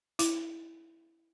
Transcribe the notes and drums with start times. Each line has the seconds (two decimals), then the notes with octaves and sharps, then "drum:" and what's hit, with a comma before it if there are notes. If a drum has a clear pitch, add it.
0.19 E4, drum: hi-hat